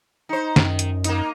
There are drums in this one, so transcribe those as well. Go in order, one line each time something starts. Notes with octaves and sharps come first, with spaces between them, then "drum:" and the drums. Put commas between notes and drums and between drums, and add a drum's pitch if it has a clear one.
D#4 C5
F#2 D#3, drum: snare
drum: hi-hat
A#3 D#4, drum: hi-hat